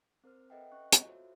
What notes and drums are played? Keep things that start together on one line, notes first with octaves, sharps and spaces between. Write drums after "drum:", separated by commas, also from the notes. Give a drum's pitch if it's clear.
C4 A#4 C5 F6
A4 B4 D#5 E5 F#5 G5
C#4 D#5 C#6 F#6
drum: hi-hat
F4 F#4 A4 C5 C#5 E5